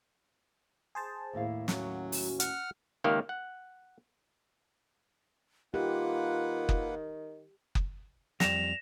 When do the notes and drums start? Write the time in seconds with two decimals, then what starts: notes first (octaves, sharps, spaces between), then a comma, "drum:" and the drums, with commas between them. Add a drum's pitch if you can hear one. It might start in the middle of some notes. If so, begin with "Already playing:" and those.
0.95 G#4 C5 A5
1.33 D#2 A2 E4 F5
1.68 F#3 C#4 F#4, drum: snare
2.12 drum: open hi-hat
2.40 F#5 F6, drum: hi-hat
3.04 C#2 D#3 A#3 G4 E5 F5
3.29 F#5
5.74 D#3 A#3 F4 G4 B4 F#5
6.69 drum: kick F#1
7.75 drum: kick F#1
8.40 F2 G3 A#6 E7 F7, drum: snare